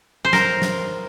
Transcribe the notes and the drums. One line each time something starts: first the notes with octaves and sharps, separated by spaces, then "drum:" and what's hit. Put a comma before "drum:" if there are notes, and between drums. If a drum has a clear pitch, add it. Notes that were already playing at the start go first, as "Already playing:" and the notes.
C5
A#4, drum: snare
drum: snare